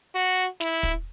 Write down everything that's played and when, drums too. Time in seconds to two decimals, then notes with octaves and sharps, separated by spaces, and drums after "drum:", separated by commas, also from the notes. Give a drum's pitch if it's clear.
0.15 F#4
0.60 E4, drum: snare
0.83 drum: kick